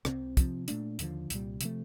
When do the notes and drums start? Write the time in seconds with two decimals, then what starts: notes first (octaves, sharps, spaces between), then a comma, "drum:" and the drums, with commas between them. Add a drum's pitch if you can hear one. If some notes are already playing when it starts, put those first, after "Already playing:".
0.05 C2 C3 G3 C4, drum: rim click
0.37 C3 F3 C4, drum: kick, hi-hat
0.68 A#2 A3 D4, drum: hi-hat
0.99 D#2 D3 F3, drum: hi-hat
1.30 C2 A#2 G3, drum: hi-hat
1.61 C3 F3 A3, drum: hi-hat